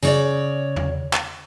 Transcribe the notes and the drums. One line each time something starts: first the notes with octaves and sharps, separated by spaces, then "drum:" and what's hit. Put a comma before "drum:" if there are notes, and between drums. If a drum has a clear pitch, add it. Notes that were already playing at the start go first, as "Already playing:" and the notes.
C#3 C#5 D5, drum: tambourine
drum: tom E2
drum: clap